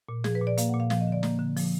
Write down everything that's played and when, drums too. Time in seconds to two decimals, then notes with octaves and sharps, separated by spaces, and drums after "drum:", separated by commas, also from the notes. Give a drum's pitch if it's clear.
0.09 A#2
0.24 F3 G#4, drum: snare
0.35 B4
0.41 A#2
0.47 D5
0.58 A#3 F5, drum: hi-hat
0.69 F#5
0.74 A#2
0.80 F5
0.90 F3 F5, drum: snare
1.01 D#5
1.07 D3 D5
1.23 A#3, drum: snare
1.39 D3
1.57 F3, drum: open hi-hat